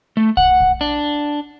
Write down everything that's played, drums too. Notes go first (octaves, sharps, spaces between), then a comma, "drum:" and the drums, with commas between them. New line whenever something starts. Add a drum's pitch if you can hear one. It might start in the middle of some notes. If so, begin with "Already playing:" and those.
A3
F#5, drum: kick
drum: kick
D4